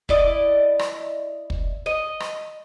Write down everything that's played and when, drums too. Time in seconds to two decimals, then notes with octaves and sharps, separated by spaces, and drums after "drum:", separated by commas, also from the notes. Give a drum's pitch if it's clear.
0.09 E4 D5 D#5, drum: kick
0.79 drum: rim click
1.50 drum: kick
1.86 D#5
2.20 drum: rim click